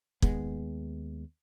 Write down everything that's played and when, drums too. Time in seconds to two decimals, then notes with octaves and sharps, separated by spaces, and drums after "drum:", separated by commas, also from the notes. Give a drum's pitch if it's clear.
0.22 D#2 G#3 B3, drum: kick